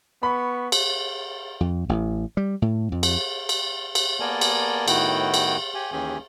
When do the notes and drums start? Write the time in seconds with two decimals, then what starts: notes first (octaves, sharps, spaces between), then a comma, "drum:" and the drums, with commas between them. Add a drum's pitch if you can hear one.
0.23 B3 B5 C#6
0.72 drum: cymbal
1.60 F2
1.89 A1
2.37 G3
2.62 A2
2.92 F2
3.03 drum: cymbal
3.49 drum: cymbal
3.95 drum: cymbal
4.20 A#3 B3 A#4 D5 G#5 A5
4.41 drum: cymbal
4.88 A2 D#3 B3 E4 F#4 G5, drum: cymbal
5.34 drum: cymbal
5.74 G4 G#5
5.92 D#2 E3 C#4 G4 G#4 G#5